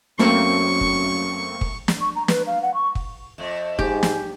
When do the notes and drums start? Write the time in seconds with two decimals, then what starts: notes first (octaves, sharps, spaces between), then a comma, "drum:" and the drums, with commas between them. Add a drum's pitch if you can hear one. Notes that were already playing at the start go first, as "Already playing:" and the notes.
0.19 F#2 A3 A#3 C4 C#6
0.81 drum: kick
1.61 drum: kick
1.88 drum: snare
2.01 C#6
2.16 A#5
2.28 B4, drum: snare
2.47 F5
2.63 F#5
2.74 C#6
2.95 drum: kick
3.38 F2 A3
3.79 G#2 G4 G#5, drum: kick
4.03 drum: snare